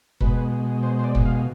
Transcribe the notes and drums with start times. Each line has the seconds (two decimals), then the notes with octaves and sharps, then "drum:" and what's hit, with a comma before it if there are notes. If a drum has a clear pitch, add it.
0.20 B2 G#3 B4, drum: kick F#1
0.83 C5
0.99 C5
1.04 D5
1.15 drum: kick F#1
1.25 F5